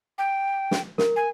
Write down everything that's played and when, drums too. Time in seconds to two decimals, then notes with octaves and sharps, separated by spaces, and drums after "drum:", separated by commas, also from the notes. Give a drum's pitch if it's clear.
0.18 G5
0.71 drum: snare
0.98 A#4, drum: snare
1.16 G#5